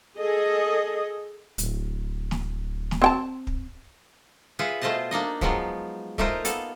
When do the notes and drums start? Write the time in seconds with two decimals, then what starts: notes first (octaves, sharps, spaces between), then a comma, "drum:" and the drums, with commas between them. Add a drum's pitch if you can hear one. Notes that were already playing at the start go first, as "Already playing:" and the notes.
0.19 G#4 A4 D#5
1.58 D1, drum: hi-hat
2.31 drum: snare
2.91 drum: snare
3.02 C4 G5 A5
3.47 drum: kick
4.59 F4 G#4 B4 E5 F#5
4.81 B2 A3 F4 C5 D#5 A5
5.11 A#3 D4 D#4 D#5
5.41 F3 F#3 G#3 B3 D#4 F4, drum: kick
6.18 A3 A#3 D#4 F4 A#4 C5, drum: kick
6.45 A#3 B3 A4, drum: hi-hat